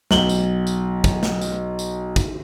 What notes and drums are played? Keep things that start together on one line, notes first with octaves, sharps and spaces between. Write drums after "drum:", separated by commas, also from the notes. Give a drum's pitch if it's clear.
B1 F#7 G7, drum: snare
drum: tambourine
drum: tambourine
drum: kick, tambourine
drum: snare
drum: tambourine
drum: tambourine
drum: kick, tambourine